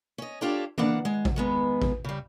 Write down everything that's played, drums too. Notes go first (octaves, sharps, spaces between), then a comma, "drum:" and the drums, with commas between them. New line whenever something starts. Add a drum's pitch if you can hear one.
C#4 D#5
D4 F4 G4 A4 C#5 D5
E3 A#3 D4 F#5, drum: tom D#3
G#3
drum: kick A1
D#3 G#3 B3
drum: kick A1
C#3 G3